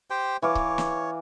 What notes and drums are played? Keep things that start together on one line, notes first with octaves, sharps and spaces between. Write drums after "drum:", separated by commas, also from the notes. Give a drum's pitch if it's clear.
G4 C5 G5
E3 C#5 F5 D6
drum: kick C#1
drum: snare